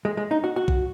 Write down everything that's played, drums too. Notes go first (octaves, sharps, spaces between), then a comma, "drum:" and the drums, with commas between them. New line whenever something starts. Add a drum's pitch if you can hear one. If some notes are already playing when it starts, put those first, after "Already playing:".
G#3
G#3
D#4
F#4
F#4
drum: kick